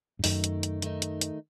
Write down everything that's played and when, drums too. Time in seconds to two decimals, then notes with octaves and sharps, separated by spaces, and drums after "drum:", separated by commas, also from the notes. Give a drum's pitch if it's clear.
0.19 G2
0.24 F#2 D#3 A3 D#4, drum: open hi-hat
0.44 drum: hi-hat
0.63 drum: hi-hat
0.82 D#3 A3 D#4, drum: hi-hat
1.02 drum: hi-hat
1.21 drum: hi-hat